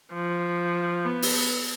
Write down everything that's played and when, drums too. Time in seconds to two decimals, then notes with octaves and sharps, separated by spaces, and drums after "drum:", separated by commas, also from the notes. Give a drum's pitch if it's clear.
0.13 F3
1.05 B3
1.22 drum: open hi-hat